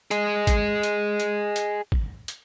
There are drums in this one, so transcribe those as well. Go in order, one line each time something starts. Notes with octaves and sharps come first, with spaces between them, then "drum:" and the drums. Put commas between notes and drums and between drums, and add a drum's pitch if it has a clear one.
G#4 D#5, drum: hi-hat
drum: kick G#1, hi-hat
drum: hi-hat
drum: hi-hat
drum: hi-hat
drum: kick G#1
drum: hi-hat